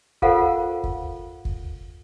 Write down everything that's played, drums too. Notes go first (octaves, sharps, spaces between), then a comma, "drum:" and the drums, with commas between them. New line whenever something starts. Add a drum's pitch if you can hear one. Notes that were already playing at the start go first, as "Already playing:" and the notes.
F4 A4 A#4 C5 F5 F#5, drum: kick
drum: kick
drum: kick